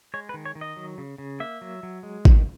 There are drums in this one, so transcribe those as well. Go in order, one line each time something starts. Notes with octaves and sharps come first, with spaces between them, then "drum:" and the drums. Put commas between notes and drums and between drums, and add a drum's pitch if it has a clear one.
G#3 C#5
B4
D#3
C#5
D#3
D#5
F#3
C#3
C#3
A#3 E5
F#3
F#3
G#3
D#3, drum: kick G#1